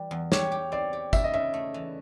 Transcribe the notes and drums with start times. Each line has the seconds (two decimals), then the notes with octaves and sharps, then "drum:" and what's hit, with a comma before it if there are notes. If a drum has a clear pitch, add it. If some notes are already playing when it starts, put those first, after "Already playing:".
Already playing: E3 G3
0.11 E2
0.32 G4 C#5, drum: snare
0.52 G4
0.72 C4 D5
0.93 G4
1.13 C#3 E5, drum: kick, tambourine
1.24 D#5
1.34 C#3 E5
1.54 A3
1.74 E3